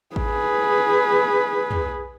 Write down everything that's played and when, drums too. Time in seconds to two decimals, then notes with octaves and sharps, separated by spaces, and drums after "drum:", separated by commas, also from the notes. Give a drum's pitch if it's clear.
0.16 G#4 B4, drum: kick G#1
1.71 drum: tom